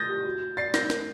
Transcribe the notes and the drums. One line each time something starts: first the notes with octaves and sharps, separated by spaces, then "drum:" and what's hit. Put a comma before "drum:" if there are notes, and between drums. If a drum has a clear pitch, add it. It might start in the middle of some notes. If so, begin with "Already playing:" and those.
Already playing: D#6 G6 A6 A#6
G4
F#4
F#4
D5 A6 C7
A#4 G6 A#6, drum: snare
A#4, drum: snare